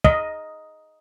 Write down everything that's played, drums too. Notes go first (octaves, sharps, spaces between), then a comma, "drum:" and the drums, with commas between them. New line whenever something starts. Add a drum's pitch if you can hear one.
D#5, drum: kick